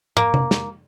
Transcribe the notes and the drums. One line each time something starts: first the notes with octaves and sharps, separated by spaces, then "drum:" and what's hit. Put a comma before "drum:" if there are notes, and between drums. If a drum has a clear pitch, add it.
A#3, drum: tom
drum: tom C3
drum: snare